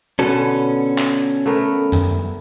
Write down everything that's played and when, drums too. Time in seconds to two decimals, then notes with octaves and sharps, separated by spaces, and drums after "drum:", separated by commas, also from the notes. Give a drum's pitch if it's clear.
0.19 B2 D3 B3 C#4 A4
0.98 drum: clap
1.46 A3 B3 A#4
1.92 drum: tom F#2